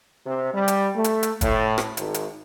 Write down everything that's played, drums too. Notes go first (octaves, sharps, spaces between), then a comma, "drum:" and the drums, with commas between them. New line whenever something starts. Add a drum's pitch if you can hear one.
C3
G3
drum: hi-hat
A3
drum: hi-hat
drum: hi-hat
A2, drum: kick, hi-hat
drum: rim click
G#1, drum: hi-hat
drum: hi-hat